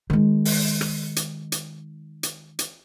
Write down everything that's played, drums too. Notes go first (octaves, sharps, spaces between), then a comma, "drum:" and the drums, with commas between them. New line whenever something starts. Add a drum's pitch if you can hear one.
D#3 G#3
drum: open hi-hat
drum: rim click
drum: hi-hat
drum: hi-hat
drum: hi-hat
drum: hi-hat